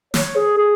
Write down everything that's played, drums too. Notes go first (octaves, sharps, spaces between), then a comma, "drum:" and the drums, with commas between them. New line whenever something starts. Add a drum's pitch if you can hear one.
C#5, drum: snare
G#4
G#4